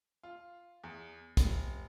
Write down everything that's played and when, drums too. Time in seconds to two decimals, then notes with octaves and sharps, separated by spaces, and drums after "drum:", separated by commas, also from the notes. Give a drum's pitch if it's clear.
0.23 F4
0.84 E2
1.37 F1, drum: kick, hi-hat